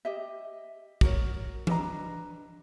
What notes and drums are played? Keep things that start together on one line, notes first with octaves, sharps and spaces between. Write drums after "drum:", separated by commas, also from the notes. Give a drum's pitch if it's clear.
G4 D#5 E5
F#4 A#4 C#5, drum: kick
D4 B4 D#5 A#5, drum: tom E3